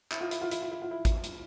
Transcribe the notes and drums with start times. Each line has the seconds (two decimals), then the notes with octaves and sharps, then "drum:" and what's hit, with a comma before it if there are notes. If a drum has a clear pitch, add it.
0.11 E4, drum: clap
0.21 F4
0.31 E4, drum: hi-hat
0.42 F4
0.51 E4, drum: hi-hat
0.62 F4
0.71 E4
0.82 F4
0.91 E4
1.05 drum: kick G#1, hi-hat
1.24 drum: hi-hat